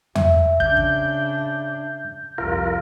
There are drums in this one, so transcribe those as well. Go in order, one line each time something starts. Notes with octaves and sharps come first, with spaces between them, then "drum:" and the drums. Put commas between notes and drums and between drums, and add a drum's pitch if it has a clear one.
F#3 E5, drum: tom E2
C#3 D4 G6, drum: kick
drum: kick
C2 F2 F4 A#4